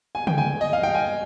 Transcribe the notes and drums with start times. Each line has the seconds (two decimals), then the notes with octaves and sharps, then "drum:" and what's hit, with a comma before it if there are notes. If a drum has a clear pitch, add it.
0.15 G#5
0.27 G5, drum: tom C#3
0.38 G#5
0.61 D#5
0.73 F5
0.83 G5
0.95 G#5